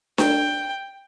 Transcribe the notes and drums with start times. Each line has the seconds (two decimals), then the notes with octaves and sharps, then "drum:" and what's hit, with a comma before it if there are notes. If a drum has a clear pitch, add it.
0.18 G5, drum: snare D4